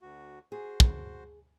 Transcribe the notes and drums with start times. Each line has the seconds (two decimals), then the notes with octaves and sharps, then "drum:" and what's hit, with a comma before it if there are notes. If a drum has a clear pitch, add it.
0.02 D2 F#4
0.52 F#4 G#4 C5
0.80 drum: kick